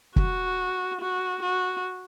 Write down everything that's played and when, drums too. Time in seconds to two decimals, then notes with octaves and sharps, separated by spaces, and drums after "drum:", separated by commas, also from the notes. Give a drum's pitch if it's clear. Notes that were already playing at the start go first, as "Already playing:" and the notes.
0.16 F#4, drum: kick
1.01 F#4
1.42 F#4